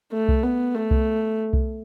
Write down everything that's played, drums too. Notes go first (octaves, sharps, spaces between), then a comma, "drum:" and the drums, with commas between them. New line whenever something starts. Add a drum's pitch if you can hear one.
A3
drum: kick C2
B3
A3
drum: kick C2
drum: kick C2